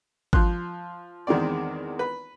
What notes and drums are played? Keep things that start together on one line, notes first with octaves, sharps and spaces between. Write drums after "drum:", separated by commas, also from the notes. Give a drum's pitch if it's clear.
F3 C6 F#6, drum: kick G#1
E2 D#3 G#3 C4 D5
B4